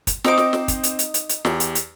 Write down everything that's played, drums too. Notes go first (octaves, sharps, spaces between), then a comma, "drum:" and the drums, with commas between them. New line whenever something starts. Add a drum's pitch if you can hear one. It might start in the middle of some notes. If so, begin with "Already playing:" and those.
drum: kick, hi-hat
C4 D#4 C5 D6, drum: snare
drum: snare
drum: snare
drum: kick, hi-hat
drum: hi-hat
drum: hi-hat
drum: hi-hat
drum: hi-hat
E2 G4, drum: snare
drum: hi-hat
drum: hi-hat